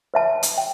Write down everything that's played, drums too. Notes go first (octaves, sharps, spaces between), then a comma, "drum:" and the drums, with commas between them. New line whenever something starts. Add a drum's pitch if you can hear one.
B4 E5 A5
drum: hi-hat
G5